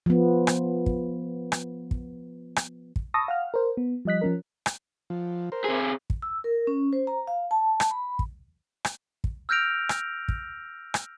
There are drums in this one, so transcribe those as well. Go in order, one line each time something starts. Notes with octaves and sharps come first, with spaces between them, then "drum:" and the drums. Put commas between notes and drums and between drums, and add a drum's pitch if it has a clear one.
F3 B3
drum: rim click
drum: kick
drum: rim click
drum: kick
drum: rim click
drum: kick
A5 B5 C#6 D#6 E6 A#6
F5 F#5 F6
A#4 C5
B3
F3 G3 D#5 F#6 B6
F3 C#4 A#4
drum: rim click
F3
A#4 C5
C3 G#4
drum: kick
E6
A#4
C#4
C5
A#5
F5
A5
drum: rim click
B5
drum: kick
drum: rim click
drum: kick
E6 F6 G6 A#6 D7 F7
drum: rim click
drum: kick
drum: rim click